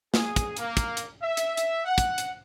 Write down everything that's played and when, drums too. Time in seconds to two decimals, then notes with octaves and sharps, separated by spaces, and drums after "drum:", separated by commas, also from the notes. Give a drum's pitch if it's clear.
0.14 G#4, drum: snare
0.36 drum: kick, hi-hat
0.57 A#3, drum: hi-hat
0.77 drum: kick, hi-hat
0.97 drum: hi-hat
1.22 E5
1.37 drum: hi-hat
1.57 drum: hi-hat
1.85 F#5
1.98 drum: kick, hi-hat
2.18 drum: hi-hat